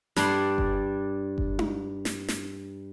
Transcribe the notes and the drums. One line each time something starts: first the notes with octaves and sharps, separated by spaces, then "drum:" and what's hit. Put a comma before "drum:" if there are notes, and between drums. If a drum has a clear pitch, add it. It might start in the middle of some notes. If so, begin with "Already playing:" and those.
G2 D4 D5 C6, drum: snare
drum: kick F#1
drum: kick F#1
drum: tom D#4
drum: snare
drum: snare